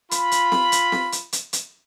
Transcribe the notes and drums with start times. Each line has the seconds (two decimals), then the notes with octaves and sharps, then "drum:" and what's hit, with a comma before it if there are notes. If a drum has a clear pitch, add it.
0.11 F4 B5, drum: hi-hat
0.32 drum: hi-hat
0.52 drum: snare C4
0.72 drum: hi-hat
0.92 drum: snare C4
1.12 drum: hi-hat
1.33 drum: hi-hat
1.53 drum: hi-hat